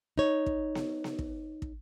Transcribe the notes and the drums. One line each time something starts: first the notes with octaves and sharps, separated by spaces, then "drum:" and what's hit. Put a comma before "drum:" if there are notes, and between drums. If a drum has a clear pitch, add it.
D#4 C#5
drum: kick
drum: snare B3
drum: snare B3
drum: kick
drum: kick